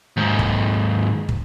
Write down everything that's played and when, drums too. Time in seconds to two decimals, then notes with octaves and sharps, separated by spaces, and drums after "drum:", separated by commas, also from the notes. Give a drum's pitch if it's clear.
0.17 D#2 G#2
0.39 drum: kick
1.29 drum: kick